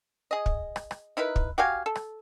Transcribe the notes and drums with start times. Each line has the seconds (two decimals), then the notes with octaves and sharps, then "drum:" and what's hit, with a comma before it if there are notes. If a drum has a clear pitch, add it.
0.31 G#4 D#5
0.46 drum: kick
0.76 drum: rim click
0.91 drum: rim click
1.17 D#4 E4 A#4 B4
1.36 drum: kick
1.58 F#4 G4 F5 G#5
1.86 A4
1.96 drum: rim click